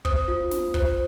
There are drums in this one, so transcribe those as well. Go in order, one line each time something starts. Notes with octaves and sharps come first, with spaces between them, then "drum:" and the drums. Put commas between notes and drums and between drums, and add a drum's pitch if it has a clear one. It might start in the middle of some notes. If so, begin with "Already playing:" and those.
C5 D#6, drum: kick
F4
F4, drum: snare
C5, drum: kick